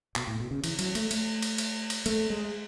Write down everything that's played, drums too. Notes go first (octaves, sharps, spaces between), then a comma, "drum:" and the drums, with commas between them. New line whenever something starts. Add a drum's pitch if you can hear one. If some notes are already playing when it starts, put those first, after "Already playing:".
B2, drum: clap
A2
B2
C#3
E3, drum: cymbal
F#3, drum: cymbal
A3, drum: cymbal
A3, drum: cymbal
drum: cymbal
drum: cymbal
drum: cymbal
A3, drum: cymbal
G#3